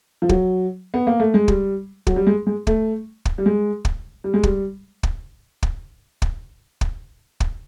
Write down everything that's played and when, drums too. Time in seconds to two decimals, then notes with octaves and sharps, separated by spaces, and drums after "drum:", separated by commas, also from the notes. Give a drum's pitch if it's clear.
0.22 F3
0.29 F#3, drum: kick
0.94 B3
1.07 A#3
1.20 A3
1.34 G#3
1.48 G3, drum: kick
2.07 F#3, drum: kick
2.16 G3
2.27 G#3
2.47 G#3
2.67 A3, drum: kick
3.25 drum: kick
3.38 G3
3.46 G#3
3.85 drum: kick
4.24 G3
4.34 G#3
4.43 G3, drum: kick
5.03 drum: kick
5.63 drum: kick
6.22 drum: kick
6.81 drum: kick
7.40 drum: kick